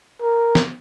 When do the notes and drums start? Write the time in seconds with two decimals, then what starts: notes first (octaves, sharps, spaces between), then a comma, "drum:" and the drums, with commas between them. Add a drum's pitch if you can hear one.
0.22 A#4
0.55 drum: snare